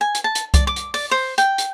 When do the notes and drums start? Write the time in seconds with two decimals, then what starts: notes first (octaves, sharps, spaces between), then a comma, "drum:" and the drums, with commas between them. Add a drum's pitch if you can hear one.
0.01 G#5
0.15 drum: hi-hat
0.24 A5
0.35 drum: hi-hat
0.54 D5, drum: kick C2, hi-hat
0.67 D6
0.76 drum: hi-hat
0.94 D5, drum: open hi-hat
1.11 C5
1.38 G5, drum: hi-hat
1.58 drum: hi-hat